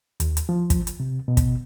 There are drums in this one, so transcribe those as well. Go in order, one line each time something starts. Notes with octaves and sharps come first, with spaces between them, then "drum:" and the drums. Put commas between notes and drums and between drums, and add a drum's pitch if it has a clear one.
D#2, drum: hi-hat
drum: hi-hat
F3
drum: kick, hi-hat
drum: hi-hat
C3
B2
drum: kick, hi-hat